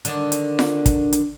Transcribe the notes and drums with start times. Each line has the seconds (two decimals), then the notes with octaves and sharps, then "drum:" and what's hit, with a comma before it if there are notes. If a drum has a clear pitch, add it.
0.05 D3 D#3 D4, drum: hi-hat
0.32 drum: hi-hat
0.59 drum: snare F4
0.86 drum: kick, hi-hat
1.13 drum: hi-hat